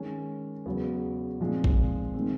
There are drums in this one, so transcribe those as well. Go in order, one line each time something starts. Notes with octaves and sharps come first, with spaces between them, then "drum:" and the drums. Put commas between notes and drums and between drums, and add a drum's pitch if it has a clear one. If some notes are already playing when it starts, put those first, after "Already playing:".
Already playing: D#3 G#3 C#4
E2 C#3 F#3 B3
A#2 F3 G#3 C4 D#4
drum: kick A1
D#3 G#3 C4